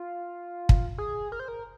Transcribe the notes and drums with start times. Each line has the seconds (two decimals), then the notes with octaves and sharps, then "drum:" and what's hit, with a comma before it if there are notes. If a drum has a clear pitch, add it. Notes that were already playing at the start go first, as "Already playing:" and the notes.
Already playing: F4
0.69 drum: kick
0.98 G#4
1.32 A#4
1.40 C5
1.48 A#4